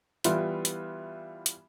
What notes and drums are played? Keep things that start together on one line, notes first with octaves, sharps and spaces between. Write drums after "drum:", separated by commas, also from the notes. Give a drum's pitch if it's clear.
E3 G3 B3 E4 F4, drum: hi-hat
drum: hi-hat
drum: hi-hat